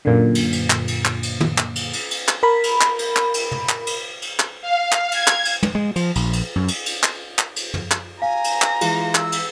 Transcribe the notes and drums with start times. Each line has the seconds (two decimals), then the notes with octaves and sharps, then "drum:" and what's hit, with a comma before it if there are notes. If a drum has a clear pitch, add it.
0.05 F#2 A#2 D3
0.35 drum: cymbal
0.52 drum: cymbal
0.70 drum: clap
0.88 drum: cymbal
1.05 drum: clap
1.23 drum: cymbal
1.40 drum: tom
1.58 drum: clap
1.76 drum: cymbal
1.93 drum: cymbal
2.11 drum: cymbal
2.28 drum: clap
2.43 A#4 B5
2.64 drum: cymbal
2.81 drum: clap
2.99 drum: cymbal
3.16 drum: clap
3.34 drum: cymbal
3.52 drum: tom
3.69 drum: clap
3.87 drum: cymbal
4.22 drum: cymbal
4.40 drum: clap
4.62 F5
4.92 drum: clap
5.12 G#6, drum: cymbal
5.27 drum: clap
5.45 drum: cymbal
5.63 drum: tom
5.75 G#3
5.96 F3, drum: cymbal
6.15 A#1, drum: cymbal
6.33 drum: cymbal
6.56 F#2
6.68 drum: cymbal
6.86 drum: cymbal
7.03 drum: clap
7.39 drum: clap
7.56 drum: cymbal
7.74 drum: tom
7.91 drum: clap
8.22 F5 G#5 A#5
8.44 drum: cymbal
8.62 drum: clap
8.81 E3 G#3 F4, drum: cymbal
9.15 E6, drum: clap
9.32 drum: cymbal